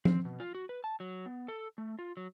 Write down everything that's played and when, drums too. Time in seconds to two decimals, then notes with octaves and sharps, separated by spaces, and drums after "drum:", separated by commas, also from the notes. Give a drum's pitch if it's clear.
0.05 C4, drum: tom F3
0.25 B2
0.40 F4
0.55 F#4
0.69 B4
0.84 A5
1.00 F#3
1.26 B3
1.48 A4
1.78 A3
1.99 F4
2.17 F#3